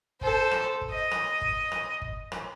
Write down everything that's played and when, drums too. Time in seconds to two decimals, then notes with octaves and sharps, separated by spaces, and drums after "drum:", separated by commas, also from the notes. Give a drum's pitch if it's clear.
0.21 A4 C5, drum: kick G1
0.51 drum: rim click
0.81 drum: kick G1
0.91 D#5
1.11 drum: rim click
1.41 drum: kick G1
1.72 drum: rim click
2.02 drum: kick G1
2.32 drum: rim click